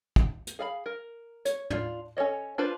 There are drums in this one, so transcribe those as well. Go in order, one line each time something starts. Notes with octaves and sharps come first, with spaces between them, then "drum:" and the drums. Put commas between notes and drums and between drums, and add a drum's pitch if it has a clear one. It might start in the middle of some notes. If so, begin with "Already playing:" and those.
drum: kick
drum: hi-hat
G#4 F5 B5
A#4
C#5, drum: hi-hat
D4 F4, drum: tom
C#4 A4 C#5 D#5
D4 F4 B4 C5